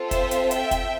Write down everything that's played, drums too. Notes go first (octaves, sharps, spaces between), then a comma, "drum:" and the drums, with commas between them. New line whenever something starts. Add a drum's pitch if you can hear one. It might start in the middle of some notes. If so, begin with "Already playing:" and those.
Already playing: C4 F4 A4
C5 E5, drum: kick, hi-hat
drum: hi-hat
E5 G5, drum: hi-hat
drum: kick, hi-hat